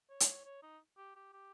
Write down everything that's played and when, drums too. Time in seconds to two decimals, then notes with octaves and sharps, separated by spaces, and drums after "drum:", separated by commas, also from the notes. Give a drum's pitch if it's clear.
0.10 C#5
0.20 drum: hi-hat
0.45 C#5
0.63 D#4
0.98 G4
1.16 G4
1.33 G4